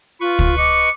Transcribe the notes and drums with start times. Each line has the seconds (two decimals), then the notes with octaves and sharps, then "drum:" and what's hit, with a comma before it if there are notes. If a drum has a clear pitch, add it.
0.20 F4 B4 C#6
0.39 drum: kick
0.58 D#5 D6 C#7